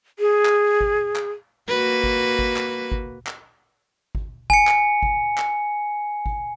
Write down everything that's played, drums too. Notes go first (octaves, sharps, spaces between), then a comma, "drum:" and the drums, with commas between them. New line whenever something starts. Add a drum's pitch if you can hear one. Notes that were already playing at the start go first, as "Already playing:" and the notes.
G#4
drum: clap
drum: kick G#1
drum: clap
A#3 F#4 B4
drum: kick G#1
drum: kick G#1
drum: clap
drum: kick G#1
drum: clap
drum: kick G#1
G#5 C#7, drum: kick G#1
drum: clap
drum: kick G#1
drum: clap
drum: kick G#1